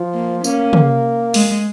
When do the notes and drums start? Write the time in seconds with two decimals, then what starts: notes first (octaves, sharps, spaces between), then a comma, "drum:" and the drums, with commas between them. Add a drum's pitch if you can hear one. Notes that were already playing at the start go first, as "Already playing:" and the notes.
Already playing: F3
0.14 A#3
0.44 A#3 C#4, drum: tambourine
0.73 drum: tom
1.34 G#3, drum: open hi-hat